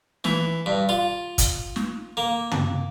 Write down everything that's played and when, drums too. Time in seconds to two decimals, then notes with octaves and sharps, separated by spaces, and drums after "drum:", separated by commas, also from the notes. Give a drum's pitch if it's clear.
0.24 E3, drum: snare
0.66 G2
0.89 F4
1.38 drum: kick, hi-hat
1.76 drum: snare
2.17 A#3
2.51 drum: tom